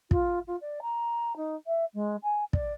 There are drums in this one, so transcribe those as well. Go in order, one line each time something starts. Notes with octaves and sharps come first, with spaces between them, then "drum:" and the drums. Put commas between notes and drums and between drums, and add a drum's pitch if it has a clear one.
F4, drum: kick
F4
D5
A#5
D#4
E5
G#3
G#5
D5, drum: kick